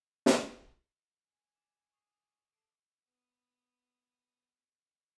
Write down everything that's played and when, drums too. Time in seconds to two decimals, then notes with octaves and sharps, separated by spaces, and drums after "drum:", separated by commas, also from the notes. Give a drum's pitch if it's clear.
0.26 drum: snare
1.25 G#5
1.55 D6 E7
1.91 C#6 D#6 C7
2.53 A4 C7 D7
3.04 B3 D#6